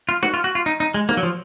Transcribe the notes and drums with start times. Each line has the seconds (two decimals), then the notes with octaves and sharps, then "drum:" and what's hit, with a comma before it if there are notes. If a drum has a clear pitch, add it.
0.09 F4
0.23 F#4, drum: snare
0.34 F4
0.44 F#4
0.55 F4
0.66 D#4
0.80 D#4
0.94 G#3
1.09 A#3, drum: snare
1.17 F#3
1.23 F3